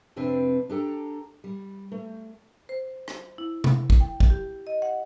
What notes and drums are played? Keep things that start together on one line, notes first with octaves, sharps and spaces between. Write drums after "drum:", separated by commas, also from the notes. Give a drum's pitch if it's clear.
F2 C3 C4 D4 B4
D4 G4 A4 A#5
G3
A3
C5
drum: rim click
E4
drum: tom C3
drum: kick
G5
drum: kick
G4
D#5
F#5